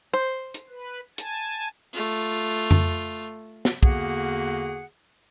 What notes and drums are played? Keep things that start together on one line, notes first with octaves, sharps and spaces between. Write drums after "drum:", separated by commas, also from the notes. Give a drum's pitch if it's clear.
C5
drum: hi-hat
B4
G#5 A5, drum: hi-hat
A3 F4
drum: tom F2
drum: snare
E2 D3 A#3 F#4 G#4 F#5, drum: kick